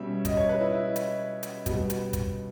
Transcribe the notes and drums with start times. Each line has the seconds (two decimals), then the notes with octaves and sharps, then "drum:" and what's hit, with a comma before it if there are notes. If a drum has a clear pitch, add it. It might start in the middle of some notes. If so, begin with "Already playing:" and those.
Already playing: B2 G3 C#4 E5
0.25 D#5, drum: kick, hi-hat
0.37 C#5
0.49 B4
0.60 E4
0.72 E4
0.96 drum: hi-hat
1.43 drum: hi-hat
1.66 B2 G3 B3, drum: kick, hi-hat
1.90 drum: hi-hat
2.13 drum: kick, hi-hat